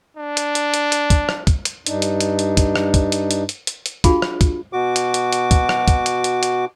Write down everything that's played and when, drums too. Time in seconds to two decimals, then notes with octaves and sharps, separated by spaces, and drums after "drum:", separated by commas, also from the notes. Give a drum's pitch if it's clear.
0.17 D4
0.37 drum: hi-hat
0.55 drum: hi-hat
0.74 drum: hi-hat
0.92 drum: hi-hat
1.10 drum: kick, hi-hat
1.29 drum: rim click
1.47 drum: kick, hi-hat
1.65 drum: hi-hat
1.86 G2 D4 D#4, drum: hi-hat
2.02 drum: hi-hat
2.20 drum: hi-hat
2.39 drum: hi-hat
2.57 drum: kick, hi-hat
2.76 drum: rim click
2.94 drum: kick, hi-hat
3.12 drum: hi-hat
3.31 drum: hi-hat
3.49 drum: hi-hat
3.67 drum: hi-hat
3.86 drum: hi-hat
4.04 D4 F4 F#4 G#4 F5 B5, drum: kick, hi-hat
4.22 drum: rim click
4.41 drum: kick, hi-hat
4.73 B2 F#4 D6
4.96 drum: hi-hat
5.14 drum: hi-hat
5.33 drum: hi-hat
5.51 drum: kick, hi-hat
5.69 drum: rim click
5.88 drum: kick, hi-hat
6.06 drum: hi-hat
6.24 drum: hi-hat
6.43 drum: hi-hat